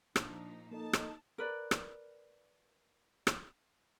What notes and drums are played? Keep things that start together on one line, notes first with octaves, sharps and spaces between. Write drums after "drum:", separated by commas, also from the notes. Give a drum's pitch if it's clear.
A#2 F3 D4 D#4, drum: rim click
A#3 D#4 A4 D#5 A5
drum: rim click
A#4 B4 D5
drum: rim click
drum: rim click